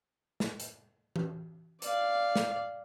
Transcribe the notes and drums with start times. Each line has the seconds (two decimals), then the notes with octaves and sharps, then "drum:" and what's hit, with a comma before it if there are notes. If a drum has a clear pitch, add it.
0.40 drum: snare
0.60 drum: hi-hat
1.16 drum: tom E3
1.82 D5 F5, drum: hi-hat
2.36 drum: snare